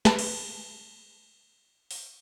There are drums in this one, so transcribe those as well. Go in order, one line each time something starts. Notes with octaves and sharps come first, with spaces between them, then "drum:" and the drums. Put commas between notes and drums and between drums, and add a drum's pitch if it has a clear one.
B4 A5, drum: snare
drum: cymbal
drum: open hi-hat